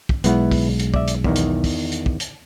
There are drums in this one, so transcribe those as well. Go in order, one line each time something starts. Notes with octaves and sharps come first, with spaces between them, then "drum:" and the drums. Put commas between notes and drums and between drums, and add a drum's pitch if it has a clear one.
drum: kick
B1 G#3 B3 E4 F#5, drum: hi-hat
drum: kick, open hi-hat
drum: hi-hat
D5 E5, drum: kick
drum: hi-hat
E2 D#3, drum: kick
drum: hi-hat
drum: kick, open hi-hat
drum: hi-hat
drum: kick
drum: hi-hat